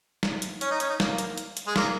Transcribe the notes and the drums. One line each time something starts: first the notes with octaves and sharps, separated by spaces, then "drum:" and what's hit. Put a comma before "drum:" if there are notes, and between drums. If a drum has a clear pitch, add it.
drum: snare
drum: hi-hat
C#4, drum: hi-hat
D#4
C#4, drum: hi-hat
D#4
A#3, drum: snare
drum: hi-hat
drum: hi-hat
drum: hi-hat
G#3
A#3, drum: snare